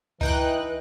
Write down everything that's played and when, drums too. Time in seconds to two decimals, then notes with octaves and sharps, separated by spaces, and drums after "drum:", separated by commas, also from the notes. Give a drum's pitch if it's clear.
0.21 E3 D#4 E4 B4 G5 F#6, drum: kick C#2